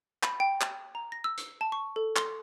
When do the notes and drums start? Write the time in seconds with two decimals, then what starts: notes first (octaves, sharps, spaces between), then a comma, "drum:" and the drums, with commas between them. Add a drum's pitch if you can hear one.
0.23 B5, drum: clap
0.40 G5
0.61 drum: clap
0.95 A#5
1.12 A#6
1.24 E6
1.37 drum: hi-hat
1.61 A5
1.72 C#6
1.96 A4
2.16 C6, drum: clap